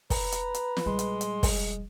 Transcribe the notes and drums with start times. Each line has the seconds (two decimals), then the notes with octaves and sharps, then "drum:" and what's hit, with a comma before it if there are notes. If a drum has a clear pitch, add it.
0.10 B4 A#5, drum: kick, open hi-hat
0.32 drum: hi-hat
0.54 drum: hi-hat
0.77 drum: snare
0.86 A#1 G3 G#3 C6
0.99 drum: hi-hat
1.21 drum: hi-hat
1.43 drum: kick, open hi-hat